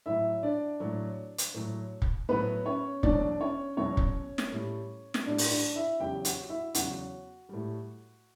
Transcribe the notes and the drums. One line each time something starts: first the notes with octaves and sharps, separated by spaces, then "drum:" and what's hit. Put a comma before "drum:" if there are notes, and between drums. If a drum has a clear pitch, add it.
A2 F#3 E4 E5
D4 D5
A2 F#3
drum: hi-hat
A2 F#3
drum: kick
A2 F#3 B3 B4
C#4 C#5
E2 B2 F#3 D4 D5, drum: kick
C#4 C#5
E2 B2 F#3 C#4 C#5
drum: kick
drum: snare
A2 G3
drum: snare
A2 G3 D4 D5
drum: open hi-hat
D4 D5
E4 E5
E2 C#3 F#3 G4 G5
F#4 F#5, drum: hi-hat
E4 E5
E2 C#3 F#3 F#4 F#5, drum: hi-hat
A2 G3